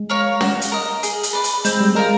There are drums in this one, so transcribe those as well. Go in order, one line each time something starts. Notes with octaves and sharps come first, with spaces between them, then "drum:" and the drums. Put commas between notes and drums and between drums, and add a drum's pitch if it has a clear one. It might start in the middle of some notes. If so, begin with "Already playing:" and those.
Already playing: G#3
A#4 C#5 F5
F#4, drum: snare C#4
drum: hi-hat
A#4 D#5
G#4, drum: hi-hat
drum: hi-hat
B4 D5
drum: hi-hat
G#3 C4, drum: hi-hat
G3
G#3 F4 A#4